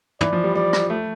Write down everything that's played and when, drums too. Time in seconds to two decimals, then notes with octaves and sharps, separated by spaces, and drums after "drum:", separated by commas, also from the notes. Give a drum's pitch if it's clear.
0.21 E3 D5, drum: tom
0.33 F3
0.44 G3
0.55 G3 D5
0.73 drum: rim click
0.90 A3